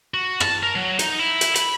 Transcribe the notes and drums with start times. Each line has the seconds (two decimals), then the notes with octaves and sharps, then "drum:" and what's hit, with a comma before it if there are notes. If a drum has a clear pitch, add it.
0.14 F#4
0.40 A5, drum: rim click
0.63 A#4
0.76 F#3
0.99 D#4, drum: hi-hat
1.19 E4
1.41 drum: hi-hat
1.55 B5, drum: hi-hat